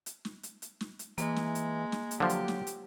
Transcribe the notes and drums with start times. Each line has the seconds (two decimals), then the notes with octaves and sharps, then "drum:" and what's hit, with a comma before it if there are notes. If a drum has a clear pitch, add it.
0.06 drum: hi-hat
0.25 drum: snare
0.43 drum: hi-hat
0.62 drum: hi-hat
0.81 drum: snare
0.99 drum: hi-hat
1.18 E3 G#3 A#3, drum: hi-hat
1.36 drum: snare
1.55 drum: hi-hat
1.92 drum: snare
2.11 drum: hi-hat
2.20 D3 F3 F#3 G4
2.29 drum: hi-hat
2.48 drum: snare
2.67 drum: hi-hat